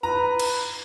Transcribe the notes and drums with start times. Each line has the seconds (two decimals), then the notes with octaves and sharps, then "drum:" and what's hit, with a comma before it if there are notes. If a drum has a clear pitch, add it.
0.03 B4 A#5
0.39 drum: cymbal